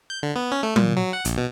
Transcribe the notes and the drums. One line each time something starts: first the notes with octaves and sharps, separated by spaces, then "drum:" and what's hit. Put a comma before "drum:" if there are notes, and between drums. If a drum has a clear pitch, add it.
G6
D3
B3
C#4
A3
A#2, drum: tom F#3
F#3
F#5
A#1, drum: hi-hat
B2